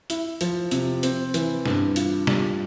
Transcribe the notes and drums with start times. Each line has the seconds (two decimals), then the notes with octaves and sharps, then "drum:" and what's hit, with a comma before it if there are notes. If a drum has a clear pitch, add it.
0.10 E4, drum: hi-hat
0.41 F3, drum: hi-hat
0.71 C3, drum: hi-hat
1.03 C4, drum: hi-hat
1.34 E3, drum: hi-hat
1.66 G2, drum: snare
1.96 F4, drum: hi-hat
2.27 G3, drum: snare